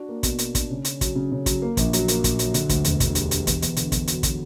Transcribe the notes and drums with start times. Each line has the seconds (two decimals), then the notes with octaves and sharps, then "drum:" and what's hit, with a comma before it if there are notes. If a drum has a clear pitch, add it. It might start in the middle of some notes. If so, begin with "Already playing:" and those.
Already playing: D4 F#4
0.09 A#3
0.23 B2, drum: kick, hi-hat
0.38 A#3, drum: hi-hat
0.55 D4, drum: kick, hi-hat
0.70 C#3
0.85 C#4, drum: hi-hat
1.01 F#3, drum: kick, hi-hat
1.15 C#3
1.32 C#3
1.46 F#3, drum: kick, hi-hat
1.62 A#3
1.77 A#1, drum: kick, hi-hat
1.93 F#3, drum: hi-hat
2.08 A#3, drum: hi-hat
2.24 A#2, drum: kick, hi-hat
2.39 F#3, drum: hi-hat
2.54 D3, drum: hi-hat
2.69 D2, drum: kick, hi-hat
2.84 E1, drum: hi-hat
3.00 D3, drum: kick, hi-hat
3.15 G3, drum: hi-hat
3.31 G3, drum: hi-hat
3.47 E2, drum: kick, hi-hat
3.62 E2, drum: hi-hat
3.76 D3, drum: hi-hat
3.92 E2, drum: kick, hi-hat
4.07 F#3, drum: hi-hat
4.23 F#3, drum: kick, hi-hat